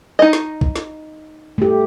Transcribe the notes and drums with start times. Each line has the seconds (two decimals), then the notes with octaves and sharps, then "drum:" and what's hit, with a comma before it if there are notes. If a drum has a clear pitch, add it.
0.19 D#4 D#5
0.33 drum: snare
0.61 drum: kick B1
0.76 drum: snare
1.58 A3 G4